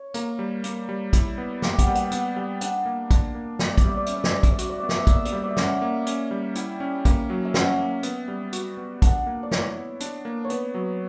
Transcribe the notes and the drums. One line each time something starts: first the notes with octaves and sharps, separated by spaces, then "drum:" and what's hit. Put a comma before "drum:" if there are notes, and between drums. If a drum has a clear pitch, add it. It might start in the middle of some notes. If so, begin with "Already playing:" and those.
Already playing: C#5
A#3 A#4, drum: hi-hat
G3
A#3, drum: hi-hat
G3
E4, drum: kick, hi-hat
B3
A#3 G4, drum: snare
F#5, drum: kick, hi-hat
G3
F#5, drum: hi-hat
B3 F#5, drum: hi-hat
G3 G5
D4 F#5, drum: hi-hat
A#3
D4, drum: kick, hi-hat
A#3
B3 D5, drum: snare
E5
D5, drum: kick, hi-hat
G3 E5
D5
C#4 E5, drum: hi-hat
D5
E5, drum: snare
G3 D5
E5, drum: kick, hi-hat
D5
F#4 E5, drum: hi-hat
D5
B3 E5
D5, drum: snare
E5
A#3 D5, drum: kick, hi-hat
E5
D5, drum: hi-hat
G3 E5
D5
E5
C#4 F#5, drum: snare
A#3
C#4, drum: hi-hat
G3
E4 G5, drum: hi-hat
C#4
A#3, drum: kick, hi-hat
F#3
E5
C#4 F#5, drum: snare
A#3
B3, drum: hi-hat
G3
F#4, drum: hi-hat
B3
D4 F#5, drum: kick, hi-hat
A#3
D5
E4 C#5, drum: snare
B3
D4, drum: hi-hat
A#3
C#5
B3 B4, drum: hi-hat
F#3